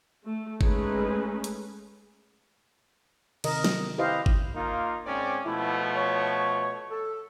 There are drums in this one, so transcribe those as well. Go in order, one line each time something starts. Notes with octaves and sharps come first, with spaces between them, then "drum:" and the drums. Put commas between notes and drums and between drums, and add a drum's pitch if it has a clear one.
A3
G#3 A3 C#4 D#4 G#4 B4, drum: kick G1
drum: hi-hat
C3 D#3 A#4 D#5, drum: cymbal
drum: snare
E4 G4 B4 C5 D#5 F5
drum: kick G1
A#3 D#4 F4
G#2 C4 C#4 D5
B2 F3 A3 E4
C#5
A4